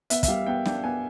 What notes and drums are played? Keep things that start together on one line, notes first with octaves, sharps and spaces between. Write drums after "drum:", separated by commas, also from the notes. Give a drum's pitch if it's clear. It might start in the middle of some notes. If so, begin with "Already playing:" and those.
B3 E5, drum: hi-hat
E5, drum: kick, hi-hat
G3 F5
B3 G5
D4 G5, drum: snare
B3 G#5